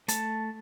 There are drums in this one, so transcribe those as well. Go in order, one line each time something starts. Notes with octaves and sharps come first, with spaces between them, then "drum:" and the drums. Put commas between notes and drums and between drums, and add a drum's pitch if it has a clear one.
A3 A5, drum: hi-hat